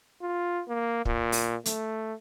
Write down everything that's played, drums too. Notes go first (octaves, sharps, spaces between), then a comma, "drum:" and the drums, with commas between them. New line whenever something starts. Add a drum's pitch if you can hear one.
F4
A#3
A#2, drum: kick
drum: open hi-hat
A3, drum: hi-hat